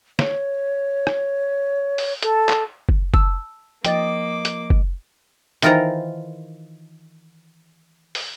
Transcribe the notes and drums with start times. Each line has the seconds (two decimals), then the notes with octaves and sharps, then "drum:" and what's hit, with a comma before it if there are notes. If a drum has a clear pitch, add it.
0.19 C#5, drum: snare
1.07 drum: rim click
1.98 drum: open hi-hat
2.23 A4, drum: hi-hat
2.49 drum: clap
2.89 drum: kick
3.14 A5 E6, drum: kick
3.85 F3 A#3 D#5 G5 D6 A6, drum: hi-hat
4.45 drum: hi-hat
4.70 drum: kick
5.62 D#3 E3 F4 A#4 C5 A#5, drum: hi-hat
8.15 drum: open hi-hat